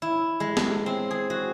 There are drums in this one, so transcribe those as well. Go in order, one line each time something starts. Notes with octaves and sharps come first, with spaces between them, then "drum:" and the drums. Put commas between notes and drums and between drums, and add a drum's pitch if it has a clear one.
E4
G#3
drum: snare
C4
G#4
F#4